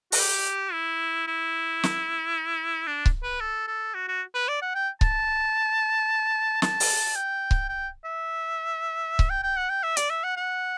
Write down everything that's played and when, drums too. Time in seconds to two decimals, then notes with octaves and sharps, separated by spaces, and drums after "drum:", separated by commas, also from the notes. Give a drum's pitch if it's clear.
0.12 F#4, drum: open hi-hat
0.19 G4
0.73 E4
1.27 E4
1.84 drum: snare
2.87 D4
3.06 drum: kick C#1
3.23 B4
3.40 A4
3.68 A4
3.94 F#4
4.08 F#4
4.34 B4
4.48 D5
4.62 F#5
4.75 G5
5.01 A5, drum: kick C#1
6.62 A5, drum: snare
6.80 drum: open hi-hat
7.16 G5
7.51 drum: kick C#1
7.69 G5
8.05 E5
9.19 drum: kick C#1
9.30 G5
9.43 G5
9.57 F#5
9.70 G5
9.83 E5
9.97 D5, drum: hi-hat
10.10 E5
10.24 F#5
10.37 F#5